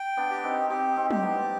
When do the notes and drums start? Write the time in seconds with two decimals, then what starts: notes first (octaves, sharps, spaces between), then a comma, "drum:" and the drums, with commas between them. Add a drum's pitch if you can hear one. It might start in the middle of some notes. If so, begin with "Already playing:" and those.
Already playing: G5
0.17 B3 D4
0.31 G4
0.44 C4 D#4
0.70 C4 D#4 G4
0.97 C4 D#4
1.11 G4, drum: tom F#3
1.23 B3 D4